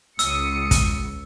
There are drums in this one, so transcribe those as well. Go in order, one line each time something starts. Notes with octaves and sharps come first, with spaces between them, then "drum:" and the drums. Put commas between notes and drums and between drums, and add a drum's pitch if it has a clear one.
C#2 F4 D#6 E6 C#7, drum: hi-hat
drum: kick, hi-hat